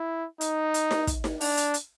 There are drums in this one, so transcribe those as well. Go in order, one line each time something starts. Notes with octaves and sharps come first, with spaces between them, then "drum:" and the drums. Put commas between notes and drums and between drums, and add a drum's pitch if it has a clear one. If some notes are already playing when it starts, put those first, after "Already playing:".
Already playing: E4
D#4, drum: hi-hat
drum: hi-hat
drum: snare D#4
drum: kick, hi-hat
drum: snare D#4
D4, drum: open hi-hat
drum: hi-hat
drum: hi-hat